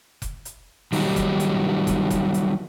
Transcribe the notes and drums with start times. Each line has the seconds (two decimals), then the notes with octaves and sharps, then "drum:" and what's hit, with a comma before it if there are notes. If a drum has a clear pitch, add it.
0.22 drum: kick F1, hi-hat
0.45 drum: hi-hat
0.92 D#3 F#3 G3 D#4, drum: open hi-hat
1.16 drum: kick F1, hi-hat
1.40 drum: hi-hat
1.87 drum: kick F1, hi-hat
2.10 drum: kick F1, hi-hat
2.34 drum: hi-hat